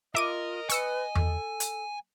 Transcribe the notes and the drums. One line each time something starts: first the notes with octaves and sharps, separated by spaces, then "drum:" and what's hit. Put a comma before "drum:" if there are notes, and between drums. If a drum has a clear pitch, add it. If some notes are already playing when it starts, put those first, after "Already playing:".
F4 A#4 D#5 E5 D6 D#7
B4 G#5 C#6 E6 C#7, drum: hi-hat
A4, drum: tom E2
drum: hi-hat